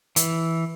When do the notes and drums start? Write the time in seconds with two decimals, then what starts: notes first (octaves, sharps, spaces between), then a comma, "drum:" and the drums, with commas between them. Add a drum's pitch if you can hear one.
0.16 E3, drum: hi-hat